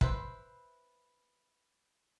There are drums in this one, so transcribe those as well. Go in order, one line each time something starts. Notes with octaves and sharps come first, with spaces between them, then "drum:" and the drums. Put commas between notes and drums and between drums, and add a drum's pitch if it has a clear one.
E4 B4 C5, drum: kick